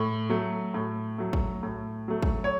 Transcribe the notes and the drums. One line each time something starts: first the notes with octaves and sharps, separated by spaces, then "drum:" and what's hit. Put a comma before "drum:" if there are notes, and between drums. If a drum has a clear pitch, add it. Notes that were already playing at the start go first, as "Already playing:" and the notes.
Already playing: A2
F#3 A3
A2
F#3 A3
drum: kick
A2
F#3 A3
drum: kick
C#5